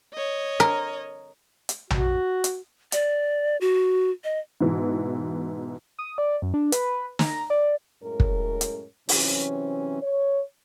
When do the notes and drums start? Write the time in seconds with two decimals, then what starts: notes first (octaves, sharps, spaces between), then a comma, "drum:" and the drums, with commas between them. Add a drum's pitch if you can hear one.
0.14 C#5 D#5
0.60 A#4
1.69 drum: hi-hat
1.90 F#4, drum: tom A#1
2.44 drum: hi-hat
2.92 D5, drum: hi-hat
3.61 F#4
4.24 D#5
4.61 G#2 B2 E3
5.99 D#6
6.18 D5
6.42 F#2
6.54 D4
6.72 B4, drum: hi-hat
7.19 A#5, drum: snare
7.50 D5
8.02 F#2 A2 G#3 C#4 A#4
8.20 drum: kick
8.61 drum: hi-hat
9.09 C3 E3 F#3 C4 C#4, drum: open hi-hat
10.02 C#5